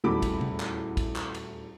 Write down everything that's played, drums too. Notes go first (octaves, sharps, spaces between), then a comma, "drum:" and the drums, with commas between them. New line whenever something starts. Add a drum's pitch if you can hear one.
D#1 E2 A3 F#4 B5 D6
drum: kick, cymbal
drum: tom
drum: clap
drum: kick, cymbal
drum: clap
drum: cymbal